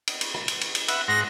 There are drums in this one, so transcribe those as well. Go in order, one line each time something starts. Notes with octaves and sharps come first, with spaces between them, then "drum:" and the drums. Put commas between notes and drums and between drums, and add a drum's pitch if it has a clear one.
drum: cymbal
drum: cymbal
drum: rim click
drum: cymbal
drum: cymbal
drum: cymbal
B4 E5 F#5, drum: cymbal
G#2 F#5 C6 A#6